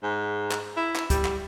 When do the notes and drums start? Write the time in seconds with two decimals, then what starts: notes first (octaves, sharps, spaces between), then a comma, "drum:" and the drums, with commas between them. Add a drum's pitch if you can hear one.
0.03 G#2
0.51 drum: clap
0.77 E4
0.95 drum: clap
1.10 G3, drum: kick, hi-hat
1.25 drum: clap